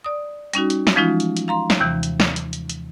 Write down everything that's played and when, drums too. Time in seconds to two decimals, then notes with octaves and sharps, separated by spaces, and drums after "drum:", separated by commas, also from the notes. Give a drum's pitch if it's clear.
0.04 D5 D#6
0.53 G3 C#4 D#4 F#4, drum: hi-hat
0.70 drum: hi-hat
0.87 drum: snare
0.96 E3 F3 G#3 C#4 D#4 F4
1.20 drum: hi-hat
1.37 drum: hi-hat
1.48 F5 A#5 C6
1.70 drum: snare
1.80 D#2 C3 E3
2.03 drum: hi-hat
2.20 drum: snare
2.36 drum: hi-hat
2.53 drum: hi-hat
2.70 drum: hi-hat